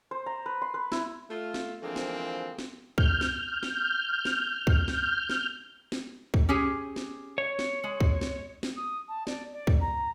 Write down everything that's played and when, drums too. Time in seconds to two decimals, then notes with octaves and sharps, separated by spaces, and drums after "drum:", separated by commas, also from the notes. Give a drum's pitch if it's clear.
0.11 C5
0.26 A#5
0.46 B4
0.62 C6
0.74 B4
0.92 E4, drum: snare
1.30 A3 F4
1.54 drum: snare
1.83 D3 E3 F3 G#3 A#3 C4
1.96 drum: snare
2.58 drum: snare
2.98 F6 G6, drum: kick
3.21 drum: snare
3.63 drum: snare
4.25 drum: snare
4.67 drum: kick
4.88 drum: snare
5.29 drum: snare
5.92 drum: snare
6.34 drum: kick
6.49 C#4 G4 G#4
6.96 drum: snare
7.38 C#5
7.59 drum: snare
7.84 G#3
8.00 drum: kick
8.21 drum: snare
8.63 drum: snare
8.77 D#6
9.09 A5
9.27 D5, drum: snare
9.53 D5
9.67 drum: kick
9.81 A#5